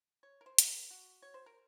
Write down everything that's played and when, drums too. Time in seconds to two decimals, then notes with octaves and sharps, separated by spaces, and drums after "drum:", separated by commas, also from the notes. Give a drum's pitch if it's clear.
0.23 C#5
0.41 A#4
0.46 C5
0.58 drum: hi-hat
0.68 A#4
0.90 F#4
1.22 C#5
1.34 C5
1.46 A#4